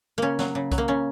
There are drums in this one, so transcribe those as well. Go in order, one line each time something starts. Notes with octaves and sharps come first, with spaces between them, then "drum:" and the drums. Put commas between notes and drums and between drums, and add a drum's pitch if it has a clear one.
C#3 A#3 C#4
F#3, drum: snare
C#3
F#3, drum: kick C2, hi-hat
A#3
C#3 C#4